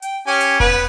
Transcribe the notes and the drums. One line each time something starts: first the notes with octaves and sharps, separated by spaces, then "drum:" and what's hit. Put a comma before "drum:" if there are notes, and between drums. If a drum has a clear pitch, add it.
G5, drum: hi-hat
C#4 G4 G#5
drum: hi-hat
B3 B4, drum: kick E1